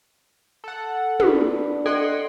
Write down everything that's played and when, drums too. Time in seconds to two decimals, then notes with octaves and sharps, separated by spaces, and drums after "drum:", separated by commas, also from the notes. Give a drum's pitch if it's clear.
0.64 A4 F#5
1.20 D4 B4, drum: tom
1.86 A4 D#5 F#5 C6